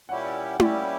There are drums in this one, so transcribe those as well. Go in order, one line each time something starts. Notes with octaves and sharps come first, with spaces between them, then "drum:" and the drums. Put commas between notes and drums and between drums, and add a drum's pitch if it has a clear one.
A#2 G3 C#4 E4 G4 F#5
D5
A#2 G3 C#4 E4 G4 D5, drum: tom E4